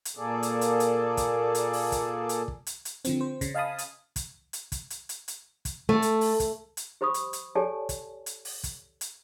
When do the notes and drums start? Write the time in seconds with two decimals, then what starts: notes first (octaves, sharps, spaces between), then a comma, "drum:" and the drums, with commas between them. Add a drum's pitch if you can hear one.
0.05 drum: hi-hat
0.17 A#2 A#3 G#4 A4 D5
0.43 drum: hi-hat
0.61 drum: hi-hat
0.80 drum: hi-hat
1.17 drum: kick, hi-hat
1.55 drum: hi-hat
1.73 drum: open hi-hat
1.92 drum: kick, hi-hat
2.29 drum: hi-hat
2.48 drum: kick
2.67 drum: hi-hat
2.85 drum: hi-hat
3.05 D3 F3 C4, drum: hi-hat
3.21 C5
3.41 C#3, drum: kick, hi-hat
3.54 D#5 F5 G#5 A5 B5 D#6
3.78 drum: hi-hat
4.16 drum: kick, hi-hat
4.53 drum: hi-hat
4.72 drum: kick, hi-hat
4.90 drum: hi-hat
5.09 drum: hi-hat
5.28 drum: hi-hat
5.65 drum: kick, hi-hat
5.89 A3
6.02 drum: hi-hat
6.21 drum: open hi-hat
6.40 drum: kick, hi-hat
6.77 drum: hi-hat
7.01 G4 C5 B5 C#6 D#6
7.14 drum: hi-hat
7.33 drum: hi-hat
7.55 G4 A4 C#5 D5 G#5 A5
7.89 drum: kick, hi-hat
8.26 drum: hi-hat
8.45 drum: open hi-hat
8.64 drum: kick, hi-hat
9.01 drum: hi-hat